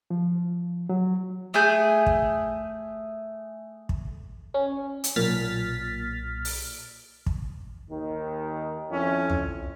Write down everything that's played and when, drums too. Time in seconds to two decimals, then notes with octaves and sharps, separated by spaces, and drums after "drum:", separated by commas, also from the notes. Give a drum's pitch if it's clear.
0.10 F3
0.89 F#3
1.54 A3 G#4 G#5 G6
2.06 drum: kick
3.89 drum: kick
4.54 C#4
5.04 drum: hi-hat
5.16 B1 A#2 F6 A6 B6
6.45 drum: open hi-hat
7.26 drum: kick
7.89 D#2 D#3
8.90 F2 C#4 E4
9.30 drum: tom